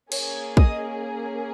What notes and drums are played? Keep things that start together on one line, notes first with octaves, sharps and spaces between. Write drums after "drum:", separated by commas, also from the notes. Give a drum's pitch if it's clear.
A#3 C#4 G#4 C#5, drum: cymbal
D#5 D#6, drum: kick